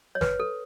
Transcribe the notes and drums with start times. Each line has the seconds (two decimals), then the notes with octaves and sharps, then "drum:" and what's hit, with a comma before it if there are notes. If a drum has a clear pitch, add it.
0.15 C#5
0.21 B4, drum: snare
0.40 A4